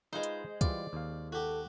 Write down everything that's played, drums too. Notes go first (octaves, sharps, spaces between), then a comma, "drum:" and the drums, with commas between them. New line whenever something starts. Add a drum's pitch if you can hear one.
G#3 D#4 F4 B4 C5
drum: hi-hat
E3 G3 F4 D5, drum: kick, hi-hat
D#2 F5
F#4 G4 A4